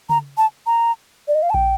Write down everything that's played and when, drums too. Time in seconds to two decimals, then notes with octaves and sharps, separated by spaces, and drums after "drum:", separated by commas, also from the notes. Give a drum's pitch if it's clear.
0.09 A#5, drum: tom C#3
0.38 A5
0.66 A#5
1.28 D5
1.35 D#5
1.42 F5
1.50 A5
1.54 G5, drum: kick A#1